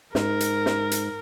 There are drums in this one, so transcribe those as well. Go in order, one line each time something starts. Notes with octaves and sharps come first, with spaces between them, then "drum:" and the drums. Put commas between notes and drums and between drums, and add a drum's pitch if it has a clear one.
G#2 A#4, drum: snare
drum: hi-hat
drum: snare
drum: hi-hat